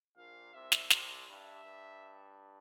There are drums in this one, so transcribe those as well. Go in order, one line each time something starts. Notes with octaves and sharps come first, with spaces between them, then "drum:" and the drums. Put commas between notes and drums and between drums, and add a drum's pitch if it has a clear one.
A#1 A#2 F5
C2 C3 E5
drum: snare
C2 C3, drum: snare
G2 E5
G2